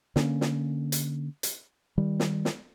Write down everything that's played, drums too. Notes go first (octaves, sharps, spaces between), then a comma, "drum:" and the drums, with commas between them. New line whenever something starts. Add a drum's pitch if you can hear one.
D3 A#3 C#4, drum: snare
drum: snare
drum: hi-hat
drum: hi-hat
D#3 G3
drum: snare
drum: snare